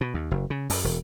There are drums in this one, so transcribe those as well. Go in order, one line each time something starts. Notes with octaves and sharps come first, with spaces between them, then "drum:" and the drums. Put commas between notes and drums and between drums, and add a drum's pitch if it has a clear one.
B2
D#2
F#1
C#3
F#2, drum: open hi-hat
E1